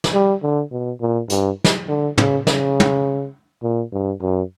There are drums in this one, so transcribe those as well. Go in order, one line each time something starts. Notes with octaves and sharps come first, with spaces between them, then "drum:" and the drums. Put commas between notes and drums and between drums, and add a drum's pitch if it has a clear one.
drum: snare
G3
D3
B2
A#2
G2, drum: hi-hat
drum: snare
D3
C#3, drum: tom
C#3, drum: snare
drum: tom
A#2
G2
F#2